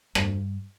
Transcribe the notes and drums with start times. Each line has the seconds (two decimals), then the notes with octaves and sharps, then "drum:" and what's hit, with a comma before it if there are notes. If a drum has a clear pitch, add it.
0.15 G2, drum: rim click